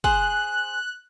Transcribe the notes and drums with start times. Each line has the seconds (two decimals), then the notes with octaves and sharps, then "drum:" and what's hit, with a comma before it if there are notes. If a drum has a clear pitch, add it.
0.04 G#4 C5 F#6, drum: kick